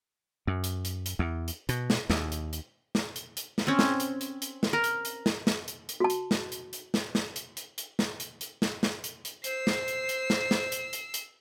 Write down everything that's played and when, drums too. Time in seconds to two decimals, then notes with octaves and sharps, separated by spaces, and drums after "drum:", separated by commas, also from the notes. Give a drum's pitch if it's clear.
0.47 F#2
0.64 drum: hi-hat
0.85 drum: hi-hat
1.06 drum: hi-hat
1.19 E2
1.48 drum: hi-hat
1.69 B2, drum: hi-hat
1.90 drum: snare
2.10 D#2, drum: snare
2.32 drum: hi-hat
2.53 drum: hi-hat
2.95 drum: snare
3.16 drum: hi-hat
3.37 drum: hi-hat
3.58 drum: snare
3.67 C4 C#4
3.79 drum: snare
4.00 drum: hi-hat
4.21 drum: hi-hat
4.42 drum: hi-hat
4.63 drum: snare
4.73 A#4
4.84 drum: hi-hat
5.05 drum: hi-hat
5.26 drum: snare
5.47 drum: snare
5.68 drum: hi-hat
5.89 drum: hi-hat
6.00 F#4 A5
6.10 drum: hi-hat
6.31 drum: snare
6.52 drum: hi-hat
6.73 drum: hi-hat
6.94 drum: snare
7.15 drum: snare
7.36 drum: hi-hat
7.57 drum: hi-hat
7.78 drum: hi-hat
7.99 drum: snare
8.20 drum: hi-hat
8.41 drum: hi-hat
8.62 drum: snare
8.83 drum: snare
9.04 drum: hi-hat
9.25 drum: hi-hat
9.44 C5 E6 C7, drum: hi-hat
9.67 drum: snare
9.88 drum: hi-hat
10.09 drum: hi-hat
10.30 drum: snare
10.51 drum: snare
10.72 drum: hi-hat
10.93 drum: hi-hat
11.14 drum: hi-hat